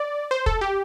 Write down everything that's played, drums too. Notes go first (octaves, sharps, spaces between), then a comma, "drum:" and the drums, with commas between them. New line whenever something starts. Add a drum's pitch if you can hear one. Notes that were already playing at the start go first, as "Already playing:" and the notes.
Already playing: D5
C5
A4, drum: kick
G4